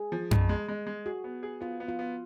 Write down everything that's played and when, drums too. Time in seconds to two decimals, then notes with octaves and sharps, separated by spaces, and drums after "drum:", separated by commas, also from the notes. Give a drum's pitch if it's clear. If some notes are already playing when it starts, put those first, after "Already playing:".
Already playing: G#4
0.12 F3
0.31 F2, drum: tom F#2
0.49 G#3
0.68 G#3
0.87 G#3
1.06 F#4 G#4
1.24 B3
1.43 G#4
1.61 B3 F4
1.80 B3
1.88 F4
1.99 B3